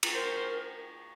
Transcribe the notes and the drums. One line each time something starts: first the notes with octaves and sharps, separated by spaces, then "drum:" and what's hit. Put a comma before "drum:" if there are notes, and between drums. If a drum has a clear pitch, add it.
drum: cymbal
A#4 C5